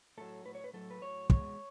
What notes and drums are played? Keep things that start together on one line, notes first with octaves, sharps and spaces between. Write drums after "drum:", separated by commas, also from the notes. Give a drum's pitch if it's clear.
A2 F#3 A4
A2 F#3 B4
C#5
B4
A2 F#3 A4
B4
A2 F#3 C#5
E2 B2 G#3 C#5, drum: kick